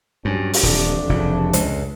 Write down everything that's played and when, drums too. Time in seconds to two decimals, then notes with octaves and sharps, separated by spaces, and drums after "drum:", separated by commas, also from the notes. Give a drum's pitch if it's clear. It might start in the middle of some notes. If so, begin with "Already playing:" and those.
0.25 G2 F#3 C#4
0.53 drum: open hi-hat
0.63 D#1 A1 F2 D4
1.09 F1 C#3
1.53 C#2, drum: hi-hat